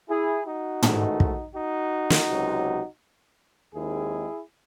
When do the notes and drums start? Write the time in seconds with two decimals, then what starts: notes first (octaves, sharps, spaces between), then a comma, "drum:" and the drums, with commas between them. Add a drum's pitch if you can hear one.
0.09 E4 G#4
0.46 D#4 F#4
0.83 A1 G#2 D#3 A3, drum: tom
1.20 drum: kick
1.55 D#4 F#4
2.10 drum: snare
2.29 C#2 C3 F#3
3.75 D#2 D#3 G#3 C4 E4 G#4